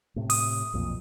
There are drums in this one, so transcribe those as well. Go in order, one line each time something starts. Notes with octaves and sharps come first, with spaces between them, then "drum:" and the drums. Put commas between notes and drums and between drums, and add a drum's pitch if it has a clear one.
A2 C3
D#6, drum: open hi-hat
B1 F2 A#2